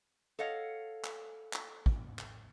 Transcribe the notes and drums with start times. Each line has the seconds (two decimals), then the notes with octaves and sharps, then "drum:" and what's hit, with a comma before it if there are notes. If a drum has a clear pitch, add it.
0.39 A4 C#5 D#5 F5 F#5
1.04 drum: clap
1.53 drum: clap
1.86 drum: kick
2.19 drum: clap